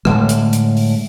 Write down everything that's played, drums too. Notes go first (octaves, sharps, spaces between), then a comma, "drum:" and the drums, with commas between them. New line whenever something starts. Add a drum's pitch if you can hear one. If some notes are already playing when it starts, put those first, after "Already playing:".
A2 D3 G#3, drum: rim click
drum: hi-hat
drum: hi-hat
drum: open hi-hat